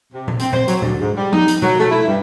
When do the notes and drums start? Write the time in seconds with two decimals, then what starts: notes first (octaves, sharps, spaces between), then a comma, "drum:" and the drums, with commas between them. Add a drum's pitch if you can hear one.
0.13 C3
0.28 drum: tom A#2
0.39 C4, drum: hi-hat
0.53 C5, drum: tom A#2
0.68 F#3, drum: hi-hat
0.82 D2, drum: tom A#2
1.00 G#2
1.17 G3
1.32 D#4, drum: tom F3
1.48 drum: hi-hat
1.62 F#3, drum: tom B2
1.79 A3
1.91 E4
2.07 G2